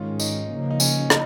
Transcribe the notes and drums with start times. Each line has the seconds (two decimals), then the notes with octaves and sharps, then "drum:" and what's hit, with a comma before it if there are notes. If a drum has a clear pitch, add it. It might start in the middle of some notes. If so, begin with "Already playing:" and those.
Already playing: G#2 D#3 G#3 C#4 F4
0.20 D#4, drum: tambourine
0.50 C#3 F3 A#3
0.71 D#4
0.80 C#4, drum: tambourine
1.10 D#4, drum: rim click